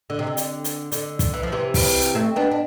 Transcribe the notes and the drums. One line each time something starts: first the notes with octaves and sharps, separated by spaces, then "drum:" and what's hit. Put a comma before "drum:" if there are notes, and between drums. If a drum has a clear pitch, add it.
D3
C3
D3
drum: hi-hat
drum: hi-hat
D3, drum: hi-hat
drum: kick, hi-hat
E3
F3
C3 E3
drum: kick, open hi-hat
drum: hi-hat
A3 C4
B3 D4
D4